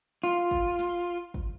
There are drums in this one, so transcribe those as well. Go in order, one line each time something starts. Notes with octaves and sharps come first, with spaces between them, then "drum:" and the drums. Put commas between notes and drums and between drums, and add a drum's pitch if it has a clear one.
F4
drum: kick
drum: snare
drum: kick